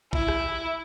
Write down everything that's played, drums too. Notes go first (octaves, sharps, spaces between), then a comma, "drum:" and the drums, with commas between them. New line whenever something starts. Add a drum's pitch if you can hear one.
E4, drum: kick
drum: rim click